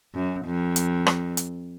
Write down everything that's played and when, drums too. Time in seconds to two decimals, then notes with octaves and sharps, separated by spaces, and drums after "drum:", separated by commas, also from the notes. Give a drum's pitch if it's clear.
0.15 F#2
0.46 F2
0.76 drum: hi-hat
1.06 drum: rim click
1.37 drum: hi-hat